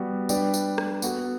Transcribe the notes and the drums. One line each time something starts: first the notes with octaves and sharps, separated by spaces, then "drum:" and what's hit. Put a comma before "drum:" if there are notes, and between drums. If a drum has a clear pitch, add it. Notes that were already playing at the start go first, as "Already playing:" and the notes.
Already playing: G3 B3 F#4
G3 D4 G4 B4 D5, drum: tambourine
drum: tambourine
drum: rim click
B3 F#4 A4, drum: tambourine